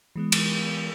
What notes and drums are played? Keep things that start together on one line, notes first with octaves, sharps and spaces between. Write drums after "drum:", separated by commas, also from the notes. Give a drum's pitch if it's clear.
E3 G#3 B3
drum: cymbal